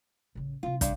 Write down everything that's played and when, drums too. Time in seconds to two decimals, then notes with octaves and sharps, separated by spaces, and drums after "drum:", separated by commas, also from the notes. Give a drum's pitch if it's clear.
0.35 A1 C#3
0.63 C3 F#3 F4
0.81 G2, drum: kick, hi-hat